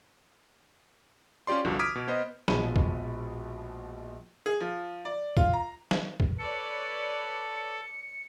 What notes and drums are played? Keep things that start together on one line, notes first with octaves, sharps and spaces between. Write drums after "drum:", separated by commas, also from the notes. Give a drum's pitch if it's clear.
C#4 F4 G4 D5 C6
G1 C2 D3 F3 F#4
D6 D#6 F6 G#6 B6 D7
B2
B3 C5 D#5
A#1 B2 F3 G#3 B5 D#7, drum: snare
drum: kick
G#4
F3
D5
F4, drum: kick
A#5
drum: snare
drum: kick
A4 B4 C#5 D5 C#7